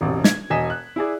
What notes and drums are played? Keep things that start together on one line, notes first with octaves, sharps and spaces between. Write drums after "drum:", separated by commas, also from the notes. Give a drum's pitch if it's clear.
E1 A1 C3
G#6, drum: snare
E1 D#5 G#5 B6 E7
F#6
E4 G#4 D5